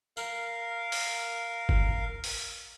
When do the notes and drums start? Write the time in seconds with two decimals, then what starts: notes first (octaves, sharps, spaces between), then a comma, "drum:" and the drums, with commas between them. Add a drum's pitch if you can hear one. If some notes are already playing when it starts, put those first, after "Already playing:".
0.17 A#4 F5, drum: tambourine
0.92 drum: open hi-hat
1.69 drum: kick G1
2.24 drum: open hi-hat